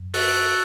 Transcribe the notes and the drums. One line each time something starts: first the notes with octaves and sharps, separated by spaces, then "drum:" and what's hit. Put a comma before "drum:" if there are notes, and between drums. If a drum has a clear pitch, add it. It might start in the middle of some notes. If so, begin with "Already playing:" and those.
Already playing: F#2
F#4 A4, drum: open hi-hat